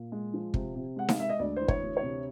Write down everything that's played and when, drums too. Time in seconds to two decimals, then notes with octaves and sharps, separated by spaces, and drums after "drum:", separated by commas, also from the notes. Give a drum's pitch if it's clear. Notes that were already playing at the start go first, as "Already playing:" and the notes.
Already playing: A#2
0.12 G#3
0.34 F3
0.54 C3, drum: kick
0.75 C3
0.96 G#3 F#5
1.09 F5, drum: snare D#4
1.18 G#3 E5
1.29 D#5
1.39 D2 D5
1.56 E3 C5
1.68 C#5, drum: kick
1.83 D2
1.97 C#5
2.03 C3